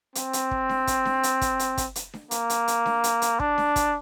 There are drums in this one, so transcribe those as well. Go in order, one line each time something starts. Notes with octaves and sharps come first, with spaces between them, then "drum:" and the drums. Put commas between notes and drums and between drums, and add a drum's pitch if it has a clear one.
C4, drum: hi-hat
drum: hi-hat
drum: kick
drum: snare D4
drum: kick, hi-hat
drum: snare D4
drum: hi-hat
drum: kick, hi-hat
drum: hi-hat
drum: kick, hi-hat
drum: hi-hat
drum: snare D4
A#3, drum: hi-hat
drum: hi-hat
drum: hi-hat
drum: snare D4
drum: hi-hat
drum: hi-hat
D4, drum: kick
drum: snare D4
drum: kick, hi-hat